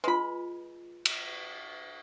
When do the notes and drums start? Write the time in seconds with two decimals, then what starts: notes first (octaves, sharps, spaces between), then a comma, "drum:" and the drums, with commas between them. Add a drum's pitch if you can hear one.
0.04 G#3 F4 B4 B5
1.05 drum: cymbal